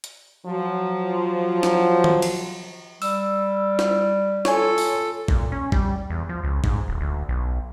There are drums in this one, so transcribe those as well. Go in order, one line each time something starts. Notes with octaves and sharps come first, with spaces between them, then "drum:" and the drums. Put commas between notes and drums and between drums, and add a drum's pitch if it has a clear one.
drum: hi-hat
F3 F#3
drum: snare
drum: tom D#3
drum: cymbal
G3 E6, drum: open hi-hat
drum: snare
F4 A4 C#5 G#5, drum: snare
drum: open hi-hat
A#2, drum: kick A1
C#4
G3, drum: kick A1
E2
F3
C#2
G#2, drum: kick A1
D1
D2
B1